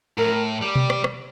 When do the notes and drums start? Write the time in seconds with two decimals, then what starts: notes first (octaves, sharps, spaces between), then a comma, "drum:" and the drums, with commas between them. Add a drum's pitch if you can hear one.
0.18 A2 A#4
0.62 G3
0.75 drum: tom B2
0.90 drum: rim click
1.04 drum: rim click